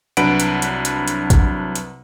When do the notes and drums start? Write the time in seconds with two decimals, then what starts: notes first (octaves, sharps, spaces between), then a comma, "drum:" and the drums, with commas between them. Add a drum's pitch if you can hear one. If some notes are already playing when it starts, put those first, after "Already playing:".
0.17 C2 F#3 D4 B4 F#5 D7, drum: hi-hat
0.40 drum: hi-hat
0.62 drum: hi-hat
0.85 drum: hi-hat
1.08 drum: hi-hat
1.30 drum: kick, hi-hat
1.76 drum: hi-hat